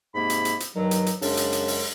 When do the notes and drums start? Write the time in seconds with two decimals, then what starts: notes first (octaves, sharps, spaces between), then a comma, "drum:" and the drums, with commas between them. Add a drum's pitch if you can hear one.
0.14 G#2 C3 A#3 B5
0.30 drum: hi-hat
0.45 drum: hi-hat
0.60 drum: hi-hat
0.76 G2 D#3 F#3
0.91 drum: hi-hat
1.06 drum: hi-hat
1.22 F#2 C#3 G#3 D4, drum: open hi-hat
1.37 drum: hi-hat
1.53 drum: hi-hat
1.68 drum: open hi-hat